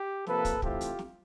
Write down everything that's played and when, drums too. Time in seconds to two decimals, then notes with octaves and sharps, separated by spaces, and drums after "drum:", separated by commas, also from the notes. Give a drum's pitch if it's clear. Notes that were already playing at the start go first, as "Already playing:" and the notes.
Already playing: G4
0.27 C3 F3 A#3 A4 B4, drum: snare
0.45 drum: kick, hi-hat
0.62 C3 E3 A3 C4 F4 G4, drum: kick
0.81 drum: hi-hat
0.99 drum: snare